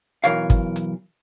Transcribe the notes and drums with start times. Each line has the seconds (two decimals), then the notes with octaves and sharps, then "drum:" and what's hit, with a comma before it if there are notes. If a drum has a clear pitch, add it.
0.24 B1 G2 E3 A#4 C#5 F5, drum: hi-hat
0.50 drum: kick, hi-hat
0.76 drum: hi-hat